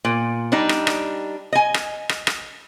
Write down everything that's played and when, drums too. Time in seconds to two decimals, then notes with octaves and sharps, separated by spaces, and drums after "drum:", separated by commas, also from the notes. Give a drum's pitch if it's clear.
0.05 A#2
0.52 G3 D4 D#4
0.69 drum: rim click
0.87 drum: rim click
1.53 D#5 G#5
1.74 drum: rim click
2.09 drum: rim click
2.27 drum: rim click